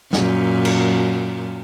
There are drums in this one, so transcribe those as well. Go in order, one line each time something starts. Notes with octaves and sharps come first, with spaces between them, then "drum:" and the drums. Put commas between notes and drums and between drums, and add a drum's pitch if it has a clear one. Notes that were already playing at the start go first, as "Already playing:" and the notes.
F#2 A#2, drum: snare
drum: cymbal